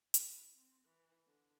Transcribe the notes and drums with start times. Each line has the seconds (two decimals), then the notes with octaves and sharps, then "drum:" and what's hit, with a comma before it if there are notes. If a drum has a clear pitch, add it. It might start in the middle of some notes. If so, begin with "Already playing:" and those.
0.14 E4, drum: hi-hat
0.55 C4
0.85 E3
1.27 D3